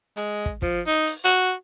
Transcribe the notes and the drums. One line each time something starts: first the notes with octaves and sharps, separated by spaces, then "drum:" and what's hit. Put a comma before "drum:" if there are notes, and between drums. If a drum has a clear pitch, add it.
G#3, drum: hi-hat
drum: kick
F3, drum: kick
D#4
drum: open hi-hat
F#4